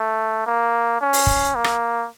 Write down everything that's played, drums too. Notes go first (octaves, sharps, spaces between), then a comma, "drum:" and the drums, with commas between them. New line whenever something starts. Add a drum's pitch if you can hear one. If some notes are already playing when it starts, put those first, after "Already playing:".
Already playing: A3
A#3
C#4
drum: open hi-hat
drum: kick
A#3
drum: rim click